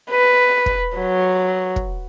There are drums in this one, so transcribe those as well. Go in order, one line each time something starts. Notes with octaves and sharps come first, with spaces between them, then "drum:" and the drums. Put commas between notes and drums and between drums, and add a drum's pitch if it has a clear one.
B4
drum: kick
F#3
drum: kick